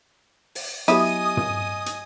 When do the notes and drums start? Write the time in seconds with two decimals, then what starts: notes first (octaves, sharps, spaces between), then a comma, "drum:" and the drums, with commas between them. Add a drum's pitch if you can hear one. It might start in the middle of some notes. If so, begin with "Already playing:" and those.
0.55 drum: open hi-hat
0.88 F#3 B3 E4 G4 D#5 G#5 D#6 D#7, drum: hi-hat
1.37 drum: tom
1.86 drum: hi-hat